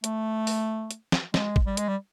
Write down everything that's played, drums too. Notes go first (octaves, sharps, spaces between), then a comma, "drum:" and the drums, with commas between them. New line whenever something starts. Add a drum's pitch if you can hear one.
A3, drum: hi-hat
drum: open hi-hat
drum: hi-hat
drum: snare
G#3, drum: snare
drum: kick
G3
G#3, drum: hi-hat
G3